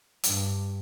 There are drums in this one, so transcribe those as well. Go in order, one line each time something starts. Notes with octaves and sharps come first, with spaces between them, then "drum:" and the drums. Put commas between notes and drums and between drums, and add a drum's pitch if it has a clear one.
G2, drum: hi-hat